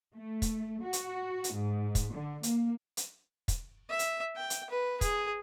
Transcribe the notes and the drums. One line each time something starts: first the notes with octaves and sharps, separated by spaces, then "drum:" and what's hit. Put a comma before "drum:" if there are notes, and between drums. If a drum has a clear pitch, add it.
A3
drum: kick, hi-hat
F#4
drum: hi-hat
drum: hi-hat
G#2
drum: kick, hi-hat
D3
A#3, drum: hi-hat
drum: hi-hat
drum: kick, hi-hat
E5
drum: hi-hat
G5
drum: hi-hat
B4
G#4, drum: kick, hi-hat